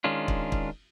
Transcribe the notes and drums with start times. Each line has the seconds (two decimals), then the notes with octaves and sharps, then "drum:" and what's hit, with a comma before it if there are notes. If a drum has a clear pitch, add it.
0.04 D#3 G#3 C#4 D4 F4
0.28 drum: kick
0.52 drum: kick